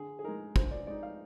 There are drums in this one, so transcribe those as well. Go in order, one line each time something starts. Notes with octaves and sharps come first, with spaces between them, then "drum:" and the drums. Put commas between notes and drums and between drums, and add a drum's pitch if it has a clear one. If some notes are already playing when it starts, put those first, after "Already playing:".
Already playing: D3 G#4
G#4
G#3 D#4 A#4
D3 C5, drum: kick
D5
G#3 D#4 D5
F5